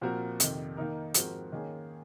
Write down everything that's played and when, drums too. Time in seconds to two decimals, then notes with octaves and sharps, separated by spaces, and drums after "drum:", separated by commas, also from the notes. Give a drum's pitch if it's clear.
0.02 A#2 F3 C4 F#4 A#4
0.40 F2 C3 D#3, drum: hi-hat
0.77 D#3 A#3 D#4 A#4
1.14 G#2 F3 C4 F#4 A#4, drum: hi-hat
1.52 D#3 A#3 C#4 G#4